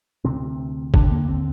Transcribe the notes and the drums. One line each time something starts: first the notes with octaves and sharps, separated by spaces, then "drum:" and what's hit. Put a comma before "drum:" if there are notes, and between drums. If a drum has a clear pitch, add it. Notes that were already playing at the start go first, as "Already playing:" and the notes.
D2 C3 C4
D#2 D3 D4, drum: kick
A#3
C4